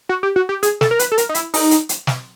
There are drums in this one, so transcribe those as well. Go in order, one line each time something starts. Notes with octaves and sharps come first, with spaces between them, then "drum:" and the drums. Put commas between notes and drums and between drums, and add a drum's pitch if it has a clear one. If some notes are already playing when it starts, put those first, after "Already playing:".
F#4
G4
F#4
G4
G#4, drum: hi-hat
A4, drum: snare
A#4
B4, drum: hi-hat
A4
A#4, drum: hi-hat
D#4
E4, drum: hi-hat
D#4, drum: open hi-hat
drum: hi-hat
drum: hi-hat
drum: snare